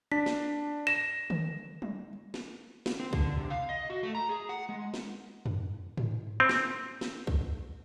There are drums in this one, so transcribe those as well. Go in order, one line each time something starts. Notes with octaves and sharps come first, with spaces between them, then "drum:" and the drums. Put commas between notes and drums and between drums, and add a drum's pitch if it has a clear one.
D4 B6
drum: snare
A#6 E7
drum: tom D3
drum: tom F#3
drum: snare
drum: snare
C4
D3, drum: kick C2
C3
F5
D#5
F#4
A3
A#5
G#4
F#5
G#3
drum: snare
drum: tom F2
drum: tom G#2
C4
drum: snare
drum: snare
drum: kick C2